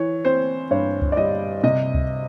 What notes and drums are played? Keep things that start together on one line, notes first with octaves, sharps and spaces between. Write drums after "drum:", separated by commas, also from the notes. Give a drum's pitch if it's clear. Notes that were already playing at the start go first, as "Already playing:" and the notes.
Already playing: E3 C#5
C4 C5
G2 C#5
drum: kick C#2
D5
G3 D#5
C3 D#5
drum: kick C#2